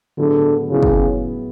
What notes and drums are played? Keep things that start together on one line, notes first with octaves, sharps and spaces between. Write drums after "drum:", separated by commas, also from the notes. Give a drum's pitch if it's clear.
A2 D3 F#3 B3 E4 G#4
A2 C#3 F#3 B3 E4 G#4
drum: kick